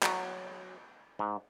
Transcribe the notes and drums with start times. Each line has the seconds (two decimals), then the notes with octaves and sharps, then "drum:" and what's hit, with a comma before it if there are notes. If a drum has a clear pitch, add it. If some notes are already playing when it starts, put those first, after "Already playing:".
0.03 F#3, drum: clap
1.19 G#2